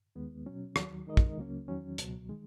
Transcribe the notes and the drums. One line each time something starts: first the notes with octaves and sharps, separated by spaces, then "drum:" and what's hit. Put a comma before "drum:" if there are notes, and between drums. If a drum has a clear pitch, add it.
D#2 D#3 G#3 B3
B2 F#3 C#4
D#2 D#3 F#3, drum: rim click
D#3 G#3 D#4 A#4 D#5
drum: kick
C#2 C#3 F#3 A#3 C#4
E2 D#3 F#3 C#4
C#2 B2 F#3, drum: hi-hat
D#3 G#3